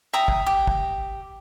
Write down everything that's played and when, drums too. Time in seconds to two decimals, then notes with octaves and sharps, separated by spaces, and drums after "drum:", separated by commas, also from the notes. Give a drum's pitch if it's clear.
0.13 E5 G5 A#5 D#6
0.28 drum: kick
0.46 G4
0.67 drum: kick